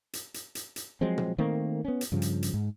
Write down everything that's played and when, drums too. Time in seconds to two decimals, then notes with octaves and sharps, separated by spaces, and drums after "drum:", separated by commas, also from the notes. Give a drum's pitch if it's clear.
0.13 drum: hi-hat
0.34 drum: hi-hat
0.55 drum: hi-hat
0.76 drum: hi-hat
1.01 F3 F#3 G#3 C4
1.18 drum: tom A#2
1.38 D#3 A3 A#3 C4
1.85 B3 C#4
2.01 drum: hi-hat
2.12 G2 C#3 F3
2.22 drum: hi-hat
2.43 drum: hi-hat
2.54 G#2